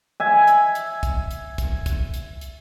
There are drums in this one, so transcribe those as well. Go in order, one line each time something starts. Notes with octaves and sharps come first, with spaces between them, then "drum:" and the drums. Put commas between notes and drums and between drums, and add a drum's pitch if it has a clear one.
E5 G#5
drum: hi-hat
drum: hi-hat
drum: kick, hi-hat
drum: hi-hat
drum: kick, hi-hat
drum: kick, hi-hat
drum: hi-hat
drum: hi-hat